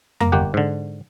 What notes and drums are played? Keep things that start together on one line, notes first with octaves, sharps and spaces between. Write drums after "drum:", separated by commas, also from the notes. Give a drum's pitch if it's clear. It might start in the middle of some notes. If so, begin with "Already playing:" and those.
A#3 A#5, drum: tom F2
G1 A#3 G4 F#5
G#2 D3